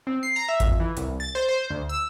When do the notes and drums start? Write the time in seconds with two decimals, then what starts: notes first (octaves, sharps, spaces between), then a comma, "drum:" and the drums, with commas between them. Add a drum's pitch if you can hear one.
0.07 C4
0.23 C7
0.36 A#5
0.49 E5
0.60 F2, drum: kick G#1, hi-hat
0.80 E3
0.97 C2, drum: hi-hat
1.20 A6
1.35 C5
1.49 C5
1.70 D2
1.89 E6